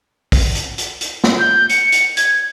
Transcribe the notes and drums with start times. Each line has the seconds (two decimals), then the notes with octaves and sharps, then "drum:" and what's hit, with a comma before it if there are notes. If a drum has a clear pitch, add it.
0.32 drum: kick, open hi-hat
0.55 drum: hi-hat
0.78 drum: hi-hat
1.01 drum: hi-hat
1.24 drum: snare
1.39 G6
1.69 C#7, drum: hi-hat
1.92 drum: hi-hat
2.17 G#6, drum: hi-hat